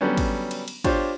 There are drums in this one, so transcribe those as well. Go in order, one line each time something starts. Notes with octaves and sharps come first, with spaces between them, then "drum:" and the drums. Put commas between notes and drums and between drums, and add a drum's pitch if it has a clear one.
D3 F#3 G3 B3 C#4
drum: kick, cymbal
drum: cymbal
drum: cymbal
D4 F4 G4 C5 C#5, drum: kick, cymbal